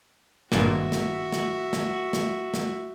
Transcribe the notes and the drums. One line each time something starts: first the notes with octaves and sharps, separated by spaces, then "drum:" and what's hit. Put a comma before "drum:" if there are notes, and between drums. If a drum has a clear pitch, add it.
G#1 G2 A#2 F#4 E5, drum: snare
drum: snare
drum: snare
drum: snare
drum: snare
drum: snare